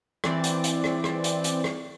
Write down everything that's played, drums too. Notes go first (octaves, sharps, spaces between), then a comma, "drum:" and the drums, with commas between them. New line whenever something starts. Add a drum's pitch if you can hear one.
E3 C4 D5, drum: rim click
drum: hi-hat
drum: hi-hat
drum: rim click
drum: rim click
drum: hi-hat
drum: hi-hat
drum: rim click